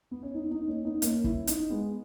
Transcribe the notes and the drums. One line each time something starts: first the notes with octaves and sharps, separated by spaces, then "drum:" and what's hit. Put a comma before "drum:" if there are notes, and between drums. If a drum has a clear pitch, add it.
B3
C#4
B3 D#4
B3 D#4
A#3 C#4
B3 D#4
A#3 C#4, drum: hi-hat
C#4 E4, drum: kick
B3 D#4, drum: hi-hat
G#3 B3